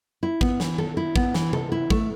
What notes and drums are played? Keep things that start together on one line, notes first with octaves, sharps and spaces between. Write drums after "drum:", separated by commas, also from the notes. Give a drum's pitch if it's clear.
E4
B3, drum: kick
E3, drum: snare
A4, drum: tom D#3
E4
B3, drum: kick
E3, drum: snare
A4, drum: tom C3
E4
A3, drum: kick